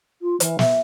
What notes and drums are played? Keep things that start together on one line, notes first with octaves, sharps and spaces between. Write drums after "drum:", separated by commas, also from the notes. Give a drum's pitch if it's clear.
F4
E3, drum: hi-hat
E5, drum: snare